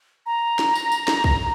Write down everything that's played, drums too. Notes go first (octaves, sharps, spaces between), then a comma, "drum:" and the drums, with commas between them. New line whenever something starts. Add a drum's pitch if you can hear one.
A#5
drum: snare
drum: tambourine
drum: tambourine
drum: snare
drum: kick